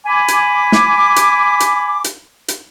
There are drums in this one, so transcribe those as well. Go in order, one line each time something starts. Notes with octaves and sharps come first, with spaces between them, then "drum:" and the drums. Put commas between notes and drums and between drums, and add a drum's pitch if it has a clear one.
G#5 B5 D6
drum: hi-hat
drum: snare
drum: hi-hat
drum: hi-hat
drum: hi-hat
drum: hi-hat